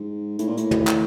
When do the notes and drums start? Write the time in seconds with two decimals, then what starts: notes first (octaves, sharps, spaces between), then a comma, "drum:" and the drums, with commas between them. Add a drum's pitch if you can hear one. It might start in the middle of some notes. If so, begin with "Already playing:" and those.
Already playing: G#2
0.39 A2, drum: hi-hat
0.48 A#2
0.57 A2, drum: hi-hat
0.71 drum: tom
0.87 drum: clap